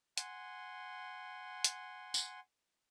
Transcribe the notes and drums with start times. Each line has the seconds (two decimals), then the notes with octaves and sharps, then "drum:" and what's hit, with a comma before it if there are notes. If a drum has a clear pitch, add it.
0.17 F#5 G#5 C6, drum: hi-hat
1.64 drum: hi-hat
2.14 drum: tambourine